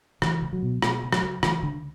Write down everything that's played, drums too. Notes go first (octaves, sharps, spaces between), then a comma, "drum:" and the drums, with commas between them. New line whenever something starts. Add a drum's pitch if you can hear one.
C#2 E3, drum: rim click
C#2
F#3
B2
B2 G#3, drum: rim click
C#2
F#3, drum: rim click
C#2
C#2 E3, drum: rim click
C#2 D3